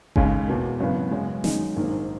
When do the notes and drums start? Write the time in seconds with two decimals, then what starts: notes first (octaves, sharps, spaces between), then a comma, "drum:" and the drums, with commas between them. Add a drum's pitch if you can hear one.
0.16 D#2 C#3 G#3 C#4, drum: kick G1
0.48 E2 B2 A#3
0.80 G#1 F#2 C#3 E3 B3
1.11 F#2 C#3 G#3
1.44 F#2 D#3 G#3 D#4, drum: snare
1.76 A#1 G#2 D#3 A#3